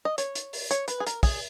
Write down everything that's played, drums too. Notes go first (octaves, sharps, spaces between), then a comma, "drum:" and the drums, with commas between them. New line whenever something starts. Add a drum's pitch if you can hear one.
D#5
C#5, drum: hi-hat
drum: hi-hat
drum: open hi-hat
C#5, drum: hi-hat
B4, drum: hi-hat
G#4
A#4, drum: hi-hat
G#4, drum: kick, open hi-hat